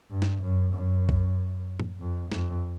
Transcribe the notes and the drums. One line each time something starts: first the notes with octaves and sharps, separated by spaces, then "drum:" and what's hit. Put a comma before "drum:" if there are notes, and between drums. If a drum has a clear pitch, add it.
G2
drum: snare
F#2
F#2
drum: kick B1
drum: tom
F2
F2, drum: snare